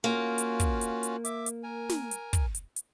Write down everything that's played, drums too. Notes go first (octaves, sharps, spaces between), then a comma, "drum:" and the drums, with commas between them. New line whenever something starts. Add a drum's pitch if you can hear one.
A#3 C#4 F4 F#4
drum: hi-hat
drum: kick, hi-hat
drum: hi-hat
drum: hi-hat
E5 D6, drum: hi-hat
drum: hi-hat
A#4 G#5
drum: snare
drum: hi-hat
drum: kick, hi-hat
drum: hi-hat
drum: hi-hat